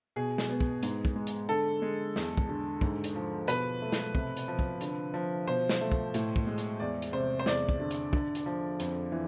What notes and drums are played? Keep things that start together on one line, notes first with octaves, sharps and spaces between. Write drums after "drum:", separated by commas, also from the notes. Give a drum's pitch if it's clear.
B2 G#4
drum: snare
B3
drum: kick
G#2, drum: hi-hat
drum: kick
G#3
drum: hi-hat
D3 A4
G#3
E2, drum: snare
drum: kick
D3
G#2, drum: kick
drum: hi-hat
F3
B2 B4, drum: hi-hat
A3
drum: snare
C3, drum: kick
drum: hi-hat
F3
drum: kick
D3, drum: hi-hat
F3
B2 C5
drum: snare
A3
drum: kick
A2, drum: hi-hat
drum: kick
G#3
drum: hi-hat
E2 D5
drum: hi-hat
C3 C5
C5
E2 D5, drum: snare
drum: kick
D3
drum: hi-hat
D3, drum: kick
drum: hi-hat
F3
F2, drum: hi-hat
E3